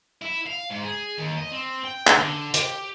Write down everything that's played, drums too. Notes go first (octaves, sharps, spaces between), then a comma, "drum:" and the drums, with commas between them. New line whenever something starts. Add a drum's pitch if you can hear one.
E4
F5
G#2
G#4
D#2
D#5
C4
G5
drum: clap
D3
G4, drum: hi-hat